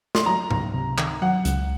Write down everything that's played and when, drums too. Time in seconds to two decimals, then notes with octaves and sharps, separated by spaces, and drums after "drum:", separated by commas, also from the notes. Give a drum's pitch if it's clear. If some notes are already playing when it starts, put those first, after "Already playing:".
0.15 C6, drum: snare
0.26 F#3 A#5
0.51 C#2, drum: tom G#2
0.74 C3
0.98 D#3, drum: clap
1.22 F#3 F#5
1.45 C#2, drum: hi-hat